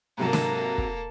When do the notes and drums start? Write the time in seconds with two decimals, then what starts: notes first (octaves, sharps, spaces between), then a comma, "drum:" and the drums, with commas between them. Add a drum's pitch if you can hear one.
0.18 G#2 C3 F#3 A#3 A4
0.33 drum: snare
0.78 drum: kick